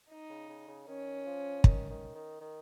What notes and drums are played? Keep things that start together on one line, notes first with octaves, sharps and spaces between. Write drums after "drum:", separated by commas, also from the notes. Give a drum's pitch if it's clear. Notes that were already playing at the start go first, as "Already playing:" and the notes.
D#4
C#3
C#3
C#3
D#3 C#4
F3
D#3, drum: kick
D#3
D#3
D#3